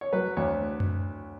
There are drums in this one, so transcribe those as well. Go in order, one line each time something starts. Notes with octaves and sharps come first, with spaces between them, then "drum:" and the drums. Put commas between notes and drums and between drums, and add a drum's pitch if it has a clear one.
C#5
F#3 B4
D2 C#5
drum: tom F#2